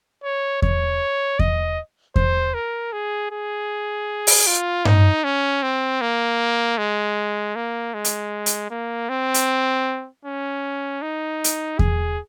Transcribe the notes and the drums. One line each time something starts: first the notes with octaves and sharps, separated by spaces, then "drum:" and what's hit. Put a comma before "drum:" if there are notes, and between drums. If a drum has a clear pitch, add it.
C#5
C#5, drum: kick E2
D#5, drum: kick E2
C5, drum: kick E2
A#4
G#4
G#4
drum: open hi-hat
F4
D#4, drum: tom G2
C#4
C4
A#3
G#3
A#3
G#3
drum: hi-hat
drum: hi-hat
A#3
C4
drum: hi-hat
C#4
D#4
drum: hi-hat
G#4, drum: kick E2